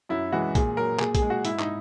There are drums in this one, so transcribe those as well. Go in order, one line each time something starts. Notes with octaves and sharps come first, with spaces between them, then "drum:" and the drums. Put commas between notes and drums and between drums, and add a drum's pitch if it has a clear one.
F#2 E4
E3 G#3 F#4
A#2 G#4, drum: kick A#1, hi-hat
F#3 A#4
A#2 G#4, drum: clap
G#4, drum: kick A#1, hi-hat
G#3
F#4
G#2 E4, drum: hi-hat
D#4, drum: clap